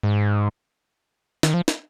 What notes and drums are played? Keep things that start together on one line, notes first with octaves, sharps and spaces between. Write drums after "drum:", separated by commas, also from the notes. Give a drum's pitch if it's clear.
G#2
D#3, drum: snare
F3
drum: snare